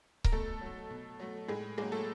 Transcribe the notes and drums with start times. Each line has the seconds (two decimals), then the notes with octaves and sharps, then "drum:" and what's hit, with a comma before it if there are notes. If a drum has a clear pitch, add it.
0.24 A#4, drum: kick C#1
0.32 B2 A3 A4
0.61 F#3 A3
0.91 B2
1.19 F#3 A3
1.48 A2 G#3 G#4
1.78 F#3 G#3 A#3 G#4
1.92 A3 A4